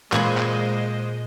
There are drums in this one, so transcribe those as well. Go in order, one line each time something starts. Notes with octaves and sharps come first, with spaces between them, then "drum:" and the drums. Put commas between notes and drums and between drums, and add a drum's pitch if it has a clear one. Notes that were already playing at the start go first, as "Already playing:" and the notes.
A#2 G#3 C5 D#5 G#5 B5, drum: clap
drum: clap